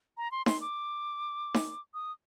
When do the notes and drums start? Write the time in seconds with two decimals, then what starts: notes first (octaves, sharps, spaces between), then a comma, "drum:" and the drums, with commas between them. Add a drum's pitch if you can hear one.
0.17 A#5
0.32 C6
0.46 C6, drum: snare D#4
0.61 D6
1.54 drum: snare D#4
1.94 D#6